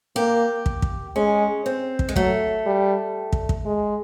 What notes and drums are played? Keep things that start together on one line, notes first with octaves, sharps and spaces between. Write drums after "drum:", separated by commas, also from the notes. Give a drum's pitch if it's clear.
A#3 G4
drum: kick
drum: kick
G#3 C#4
C4
drum: kick
G#3
F#3 A3, drum: kick
G3
drum: kick
drum: kick
G#3